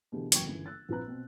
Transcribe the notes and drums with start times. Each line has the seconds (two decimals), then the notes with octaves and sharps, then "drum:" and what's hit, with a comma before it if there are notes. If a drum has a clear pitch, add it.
0.12 B2 D3 E3 G4 G#4
0.32 F#1 E2 F#3 G5 C#6 G#6, drum: hi-hat
0.46 G1 C#3 E3
0.66 E6 F#6 A6
0.89 A#1 C4 F4 B4 A#5 F#6
1.07 B2 C4